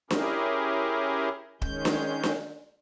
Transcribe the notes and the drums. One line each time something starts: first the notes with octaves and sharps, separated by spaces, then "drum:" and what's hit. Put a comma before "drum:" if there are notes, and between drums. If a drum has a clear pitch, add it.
C#4 E4 G4 G#4 A#4, drum: snare D4
D#3 G#3 C#4 G6, drum: kick
drum: snare D4
drum: snare D4